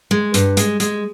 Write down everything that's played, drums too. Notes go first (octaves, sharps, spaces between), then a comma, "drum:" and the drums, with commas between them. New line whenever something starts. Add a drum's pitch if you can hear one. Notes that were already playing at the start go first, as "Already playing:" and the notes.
G#3
G2, drum: hi-hat
G#3, drum: hi-hat
G#3, drum: hi-hat